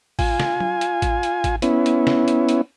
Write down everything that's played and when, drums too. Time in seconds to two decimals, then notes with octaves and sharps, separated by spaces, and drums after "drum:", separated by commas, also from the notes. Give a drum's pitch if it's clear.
0.19 F4 G#5, drum: kick A1, open hi-hat
0.40 drum: snare
0.60 drum: tom F#3
0.81 drum: hi-hat
1.02 drum: kick A1, hi-hat
1.23 drum: hi-hat
1.44 drum: kick A1, hi-hat
1.62 B3 C#4 E4, drum: hi-hat
1.86 drum: hi-hat
2.07 drum: snare
2.28 drum: hi-hat
2.49 drum: hi-hat